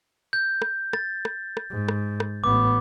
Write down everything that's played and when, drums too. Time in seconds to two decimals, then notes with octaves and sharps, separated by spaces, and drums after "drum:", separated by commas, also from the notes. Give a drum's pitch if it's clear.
0.33 G6
0.62 drum: rim click
0.93 A6, drum: rim click
1.25 drum: rim click
1.57 drum: rim click
1.70 G#2
1.88 drum: rim click
2.20 drum: rim click
2.44 A1 B3 D6